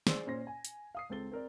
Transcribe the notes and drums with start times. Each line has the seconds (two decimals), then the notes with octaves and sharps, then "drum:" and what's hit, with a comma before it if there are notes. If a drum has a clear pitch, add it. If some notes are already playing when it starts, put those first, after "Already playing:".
0.07 G#4 C5 D5 C6 E6, drum: snare
0.27 A#2 C#4 C5 A#6
0.47 G#5
0.65 drum: hi-hat
0.95 F5 D#6 C7
1.10 C#2 G#3 C4 A4 A6 G7
1.32 C4 A#4 D5